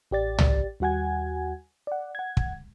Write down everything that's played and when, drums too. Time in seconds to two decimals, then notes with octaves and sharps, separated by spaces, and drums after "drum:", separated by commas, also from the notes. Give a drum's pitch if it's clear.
0.11 A1 G4 D5 A6
0.39 drum: tom
0.80 D#2 G3 F#4 F#5 G#5 G#6
1.87 D5 F#5
2.15 F#5 G#6
2.37 drum: kick